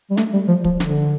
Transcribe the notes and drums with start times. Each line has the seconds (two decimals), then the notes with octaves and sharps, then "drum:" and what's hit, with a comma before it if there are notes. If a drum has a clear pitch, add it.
0.10 G3
0.17 A3, drum: snare
0.33 G3
0.48 F3
0.64 F3, drum: kick
0.80 D3, drum: snare